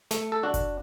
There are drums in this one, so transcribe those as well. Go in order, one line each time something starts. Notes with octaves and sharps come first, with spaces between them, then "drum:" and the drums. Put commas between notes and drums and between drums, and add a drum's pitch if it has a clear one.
A3, drum: snare
A4
D4 F#4
drum: kick F#1, hi-hat